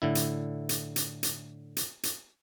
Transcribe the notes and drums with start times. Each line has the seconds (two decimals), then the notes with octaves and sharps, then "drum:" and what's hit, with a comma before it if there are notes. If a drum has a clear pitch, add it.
0.02 A2 D3 E4
0.15 drum: hi-hat
0.69 drum: hi-hat
0.96 drum: hi-hat
1.23 drum: hi-hat
1.77 drum: hi-hat
2.03 drum: hi-hat